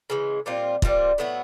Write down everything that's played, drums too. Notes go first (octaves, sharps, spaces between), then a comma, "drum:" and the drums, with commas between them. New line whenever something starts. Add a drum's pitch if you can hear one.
C#3 E3 G#3
A#2 G3 C4 F4
A#2 G3 C4 F4, drum: kick
A2 F#3 B3 E4